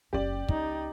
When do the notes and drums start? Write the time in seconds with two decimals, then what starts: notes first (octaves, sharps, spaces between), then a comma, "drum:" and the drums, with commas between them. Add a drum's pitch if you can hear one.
0.13 F#1 C#4 G4 D5
0.49 C#2 D#4, drum: kick